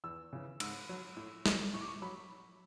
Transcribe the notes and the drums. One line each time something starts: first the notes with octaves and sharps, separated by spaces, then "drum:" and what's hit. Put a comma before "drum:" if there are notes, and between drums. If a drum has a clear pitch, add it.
E2 E6
C#3 E3
G#2 E6, drum: cymbal
F#3
A2
F#3, drum: snare
A2 C#6
D6
C#6
F#3 B5